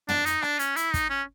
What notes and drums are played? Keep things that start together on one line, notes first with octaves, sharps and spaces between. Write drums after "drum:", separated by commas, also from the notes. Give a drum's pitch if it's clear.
D4, drum: tom
D#4, drum: hi-hat
D4, drum: rim click
C#4, drum: hi-hat
E4, drum: hi-hat
D#4, drum: kick, hi-hat
C#4